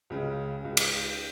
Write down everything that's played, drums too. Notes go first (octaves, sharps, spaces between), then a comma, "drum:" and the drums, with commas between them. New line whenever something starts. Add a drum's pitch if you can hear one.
C#2 C#3 G#3
C#2 C#3 G#3
drum: cymbal